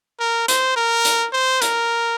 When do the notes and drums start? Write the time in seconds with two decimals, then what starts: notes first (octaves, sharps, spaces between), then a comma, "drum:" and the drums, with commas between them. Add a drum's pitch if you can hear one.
0.20 A#4
0.48 C5, drum: hi-hat
0.76 A#4
1.05 drum: hi-hat
1.33 C5
1.61 A#4, drum: hi-hat